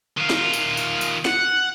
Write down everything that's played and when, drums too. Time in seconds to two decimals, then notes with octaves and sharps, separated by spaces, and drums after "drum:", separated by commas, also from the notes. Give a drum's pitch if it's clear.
0.17 D#3 F4
0.30 drum: snare
0.53 drum: tambourine
0.77 drum: tambourine
1.01 drum: tambourine
1.25 F#5, drum: snare